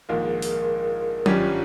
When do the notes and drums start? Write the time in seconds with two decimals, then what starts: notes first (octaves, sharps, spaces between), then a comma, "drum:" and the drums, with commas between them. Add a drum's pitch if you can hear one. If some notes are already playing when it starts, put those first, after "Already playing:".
0.09 A#1 G#2 D#3 A#3 F4 A#4
0.23 G#4
0.42 drum: open hi-hat
0.53 A#4
1.26 G#1 G2 G3 C#4 F4 G4, drum: tom F#3